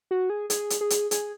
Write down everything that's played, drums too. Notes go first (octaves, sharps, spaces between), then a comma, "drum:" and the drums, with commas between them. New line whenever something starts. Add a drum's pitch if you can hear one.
F#4
G#4
G#4, drum: hi-hat
drum: hi-hat
G#4
drum: hi-hat
G#4, drum: hi-hat